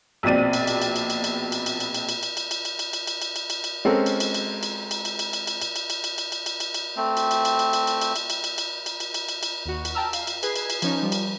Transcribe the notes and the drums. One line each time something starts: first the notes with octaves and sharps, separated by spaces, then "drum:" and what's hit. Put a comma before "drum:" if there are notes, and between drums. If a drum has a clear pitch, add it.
A#1 B2 C4 D5 D#7
drum: cymbal
drum: cymbal
drum: cymbal
drum: cymbal
drum: cymbal
drum: cymbal
drum: cymbal
drum: cymbal
drum: cymbal
drum: cymbal
drum: cymbal
drum: cymbal
drum: cymbal
drum: cymbal
drum: cymbal
drum: cymbal
drum: cymbal
drum: cymbal
drum: cymbal
drum: cymbal
drum: cymbal
drum: cymbal
G#3 C4 C#4 A4 A#4
drum: cymbal
drum: cymbal
drum: cymbal
drum: cymbal
drum: cymbal
drum: cymbal
drum: cymbal
drum: cymbal
drum: cymbal
drum: cymbal
drum: cymbal
drum: cymbal
drum: cymbal
drum: cymbal
drum: cymbal
drum: cymbal
drum: cymbal
drum: cymbal
A3 C4
drum: cymbal
drum: cymbal
drum: cymbal
drum: cymbal
drum: cymbal
drum: cymbal
drum: cymbal
drum: cymbal
drum: cymbal
drum: cymbal
drum: cymbal
drum: cymbal
drum: cymbal
drum: cymbal
drum: cymbal
drum: cymbal
D#2 F#4
drum: cymbal
G5 A5 A#5 E6 F6
F5, drum: cymbal
drum: cymbal
G#4 B4 G#6 C7, drum: cymbal
drum: cymbal
drum: cymbal
F3 C#4 D#4, drum: cymbal
F3 G3
drum: cymbal